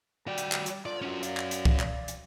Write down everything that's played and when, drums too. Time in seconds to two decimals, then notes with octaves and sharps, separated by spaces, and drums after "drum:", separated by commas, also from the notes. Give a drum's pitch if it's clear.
0.27 G3 F#4 D5 G5
0.38 drum: hi-hat
0.52 drum: clap
0.66 drum: hi-hat
0.86 D3 F4 D5
1.02 C#4 F#4
1.23 D5 F5, drum: hi-hat
1.37 drum: clap
1.51 drum: hi-hat
1.65 drum: kick
1.80 drum: clap
2.08 drum: hi-hat